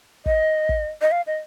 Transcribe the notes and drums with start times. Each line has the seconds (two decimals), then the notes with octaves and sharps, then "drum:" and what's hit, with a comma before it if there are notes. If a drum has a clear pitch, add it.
0.26 D#5, drum: kick
0.69 drum: kick
1.02 D#5
1.11 F5
1.27 D#5